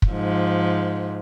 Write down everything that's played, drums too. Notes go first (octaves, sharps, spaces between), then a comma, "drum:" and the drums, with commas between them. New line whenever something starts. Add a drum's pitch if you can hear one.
drum: kick
G#2 F3